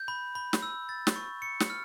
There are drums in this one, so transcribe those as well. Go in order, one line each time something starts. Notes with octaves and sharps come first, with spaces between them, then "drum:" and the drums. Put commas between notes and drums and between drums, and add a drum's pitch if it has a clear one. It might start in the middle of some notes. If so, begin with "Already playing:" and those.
Already playing: G6
B5
B5
drum: snare
E6
A6
drum: snare
C#6
C#7
drum: snare
F6